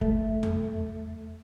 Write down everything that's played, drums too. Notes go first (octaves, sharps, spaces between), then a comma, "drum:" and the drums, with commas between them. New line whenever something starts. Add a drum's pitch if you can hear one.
A3, drum: kick
drum: tom E2